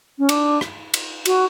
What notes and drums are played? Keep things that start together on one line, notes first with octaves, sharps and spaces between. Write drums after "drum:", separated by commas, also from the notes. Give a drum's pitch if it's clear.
C#4
D4, drum: cymbal
drum: rim click
drum: cymbal
F#4, drum: cymbal